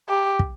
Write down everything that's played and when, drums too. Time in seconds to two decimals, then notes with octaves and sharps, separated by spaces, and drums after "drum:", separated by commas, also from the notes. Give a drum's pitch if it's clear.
0.09 G4
0.39 drum: kick